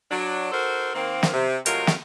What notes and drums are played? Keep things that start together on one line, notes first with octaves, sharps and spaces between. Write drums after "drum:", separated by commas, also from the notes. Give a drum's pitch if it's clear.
F#3 D4
D#4 F#4 A4 A#4 C5
D#3 A#3 C4
drum: snare
C3
C3 F#3 G#3 A3 F4 A#4, drum: hi-hat
drum: snare